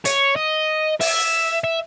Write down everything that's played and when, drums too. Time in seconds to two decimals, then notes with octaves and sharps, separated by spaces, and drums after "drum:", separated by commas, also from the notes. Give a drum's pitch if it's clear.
0.05 C#5, drum: hi-hat
0.36 D#5
1.01 E5, drum: open hi-hat
1.64 E5